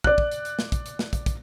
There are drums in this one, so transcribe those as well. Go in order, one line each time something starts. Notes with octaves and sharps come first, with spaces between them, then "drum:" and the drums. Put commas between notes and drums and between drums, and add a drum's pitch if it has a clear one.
D5 F#6, drum: kick
drum: kick
drum: hi-hat
drum: hi-hat
drum: snare
drum: kick, hi-hat
drum: hi-hat
drum: snare
drum: kick, hi-hat
drum: kick, hi-hat